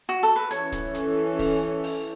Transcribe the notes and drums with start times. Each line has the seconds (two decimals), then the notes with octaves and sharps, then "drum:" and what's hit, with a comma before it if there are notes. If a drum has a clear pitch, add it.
0.09 F#4
0.23 A4
0.36 B4
0.51 E3 C#4 A4 C#5, drum: hi-hat
0.72 drum: kick D1, hi-hat
0.95 drum: hi-hat
1.39 drum: kick D1, open hi-hat
1.84 drum: open hi-hat